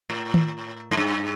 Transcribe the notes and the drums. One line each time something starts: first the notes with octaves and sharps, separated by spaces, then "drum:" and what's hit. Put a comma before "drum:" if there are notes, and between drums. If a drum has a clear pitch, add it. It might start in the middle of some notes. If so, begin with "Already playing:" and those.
A2
drum: tom D#3
G#2
G2